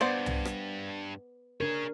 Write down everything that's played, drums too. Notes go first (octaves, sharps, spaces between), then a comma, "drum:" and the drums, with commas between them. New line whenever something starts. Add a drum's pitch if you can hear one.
G2 B3 C5 D5
drum: tom
drum: rim click
D4 G#4 A#4 C#5